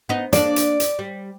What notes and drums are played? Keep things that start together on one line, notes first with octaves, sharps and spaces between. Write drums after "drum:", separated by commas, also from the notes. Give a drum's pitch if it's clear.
B3 D#4
A#3 D4 D5, drum: hi-hat
drum: hi-hat
drum: hi-hat
G3